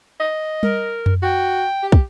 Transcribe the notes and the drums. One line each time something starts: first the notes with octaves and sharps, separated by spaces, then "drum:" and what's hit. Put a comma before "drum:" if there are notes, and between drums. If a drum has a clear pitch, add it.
D#5
A#4, drum: tom G3
drum: tom F#2
F#4 G5
G4
drum: kick